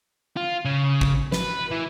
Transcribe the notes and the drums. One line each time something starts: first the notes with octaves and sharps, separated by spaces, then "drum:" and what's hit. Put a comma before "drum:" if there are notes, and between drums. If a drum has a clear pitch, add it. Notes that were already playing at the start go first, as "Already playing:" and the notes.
F4
C#3
drum: kick
B4, drum: snare
E3